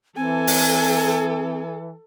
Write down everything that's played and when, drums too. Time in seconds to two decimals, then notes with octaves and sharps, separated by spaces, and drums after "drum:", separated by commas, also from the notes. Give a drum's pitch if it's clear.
0.16 E3 C4 A4 G#5
0.47 drum: open hi-hat